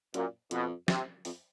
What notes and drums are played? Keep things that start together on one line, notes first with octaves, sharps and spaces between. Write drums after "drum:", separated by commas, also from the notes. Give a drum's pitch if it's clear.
F#2 A#2, drum: hi-hat
F2 B2, drum: hi-hat
C3, drum: snare
F2, drum: open hi-hat